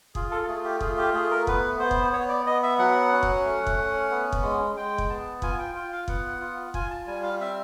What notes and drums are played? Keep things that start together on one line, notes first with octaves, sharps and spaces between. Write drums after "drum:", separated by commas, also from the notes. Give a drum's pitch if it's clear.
F4 G#4, drum: kick
A4
A4
A3 G#4
G4
F4 G#4, drum: kick
G4
A3 G#4
A#4
B3 B4, drum: kick
B3 C5
drum: kick
B3 C#5
D5
B3 D#5
E5
F#3 F#5
C#4
drum: kick
A3
drum: kick
C#4
B3
drum: kick
G#3
G#3 G5
drum: kick
B3 A5
F4 G#5, drum: kick
G5
F4 G5
F5
B3 F#5, drum: kick
F4
F4 G#5, drum: kick
A5
G3 G#5
F5
C4 E5